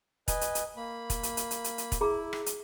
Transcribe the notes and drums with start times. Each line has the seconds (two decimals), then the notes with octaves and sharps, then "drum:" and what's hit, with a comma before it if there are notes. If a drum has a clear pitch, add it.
0.28 B4 D#5 G#5, drum: kick, hi-hat
0.41 drum: hi-hat
0.55 drum: hi-hat
0.76 A#3 B5
1.10 drum: kick, hi-hat
1.23 drum: hi-hat
1.37 drum: hi-hat
1.51 drum: hi-hat
1.64 drum: hi-hat
1.78 drum: hi-hat
1.92 drum: kick, hi-hat
2.01 E4 G#4 A#5
2.33 drum: rim click
2.46 drum: hi-hat